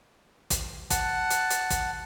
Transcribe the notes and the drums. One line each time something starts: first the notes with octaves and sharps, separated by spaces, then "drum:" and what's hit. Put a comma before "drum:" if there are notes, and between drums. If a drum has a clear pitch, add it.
drum: kick, hi-hat
F#5 A5, drum: kick, hi-hat
drum: hi-hat
drum: hi-hat
drum: kick, hi-hat